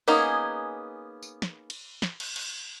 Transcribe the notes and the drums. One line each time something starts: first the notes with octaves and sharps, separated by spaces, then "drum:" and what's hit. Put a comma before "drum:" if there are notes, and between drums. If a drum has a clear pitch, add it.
A#3 B3 C#4 D#4 G#4, drum: open hi-hat
drum: tambourine
drum: snare
drum: cymbal
drum: snare
drum: cymbal
drum: cymbal